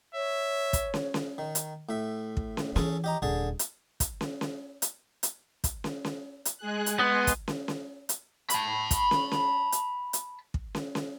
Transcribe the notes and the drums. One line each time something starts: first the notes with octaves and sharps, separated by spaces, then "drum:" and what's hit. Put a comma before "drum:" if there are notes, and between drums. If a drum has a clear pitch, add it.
C#5 E5
drum: kick, hi-hat
drum: snare
drum: snare
D#3
drum: hi-hat
A2 E5
drum: kick
drum: snare
E3 C#4 G#4 A4, drum: snare
G4 D#5 A#5
D#1 D3 G#4 A5
drum: hi-hat
drum: kick, hi-hat
drum: snare
drum: snare
drum: hi-hat
drum: hi-hat
drum: kick, hi-hat
drum: snare
drum: snare
drum: hi-hat
G#3 G#4 F#6
drum: hi-hat
B3 D#5 G#5 C6
drum: kick, hi-hat
drum: snare
drum: snare
drum: hi-hat
A5 B5, drum: hi-hat
drum: kick, hi-hat
drum: snare
drum: snare
drum: hi-hat
drum: hi-hat
drum: kick
drum: snare
drum: snare